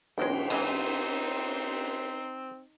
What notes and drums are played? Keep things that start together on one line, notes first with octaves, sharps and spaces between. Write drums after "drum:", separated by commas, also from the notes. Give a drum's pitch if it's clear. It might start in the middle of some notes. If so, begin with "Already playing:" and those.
B1 E2 G#3 G5, drum: cymbal
G#2 E3 C4 D#4 C6, drum: cymbal